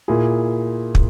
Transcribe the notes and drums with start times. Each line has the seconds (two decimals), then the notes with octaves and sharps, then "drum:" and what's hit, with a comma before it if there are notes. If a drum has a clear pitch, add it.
0.08 A#2 A#3 E4 G#4
0.95 drum: kick